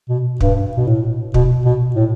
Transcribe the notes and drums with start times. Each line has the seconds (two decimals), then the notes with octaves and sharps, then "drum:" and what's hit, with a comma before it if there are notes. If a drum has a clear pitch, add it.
0.09 B2
0.41 G2, drum: kick
0.77 B2
0.87 A2
1.34 B2, drum: kick
1.65 B2
1.95 A2